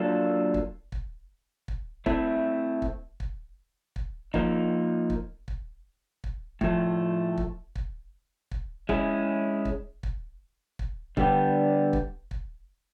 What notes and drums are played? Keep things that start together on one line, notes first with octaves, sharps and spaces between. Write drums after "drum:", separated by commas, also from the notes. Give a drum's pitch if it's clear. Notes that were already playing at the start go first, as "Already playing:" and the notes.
Already playing: F#3 A#3 D4 F4 A4
drum: kick
drum: kick
drum: kick
A3 C4 E4, drum: kick
drum: kick
drum: kick
drum: kick
F3 A#3 D#4, drum: kick
drum: kick
drum: kick
drum: kick
A2 F3 A3, drum: kick
drum: kick
drum: kick
drum: kick
G#3 C#4 E4 G#4, drum: kick
drum: kick
drum: kick
drum: kick
D3 G3 B3 D4 G4, drum: kick
drum: kick
drum: kick